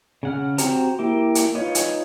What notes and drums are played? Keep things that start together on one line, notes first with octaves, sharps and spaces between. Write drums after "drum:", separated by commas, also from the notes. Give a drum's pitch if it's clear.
C#3 F#5 F6
C4 F#4 G4 C5 A#5, drum: hi-hat
A#3 E4 G4
drum: hi-hat
D#4 F4 B4 C#5
drum: hi-hat